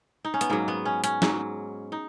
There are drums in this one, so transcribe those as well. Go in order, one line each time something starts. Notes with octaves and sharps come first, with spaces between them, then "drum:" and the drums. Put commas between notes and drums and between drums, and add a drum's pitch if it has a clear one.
D#4
C#4
B3, drum: hi-hat
G#2 F#3 A#3
B3
C#4
C#4, drum: hi-hat
G#2 F#3, drum: snare
D#4